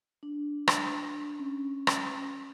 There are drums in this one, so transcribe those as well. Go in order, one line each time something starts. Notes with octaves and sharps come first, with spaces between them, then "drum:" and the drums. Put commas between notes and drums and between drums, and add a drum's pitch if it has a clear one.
D4
drum: rim click
C#4
drum: rim click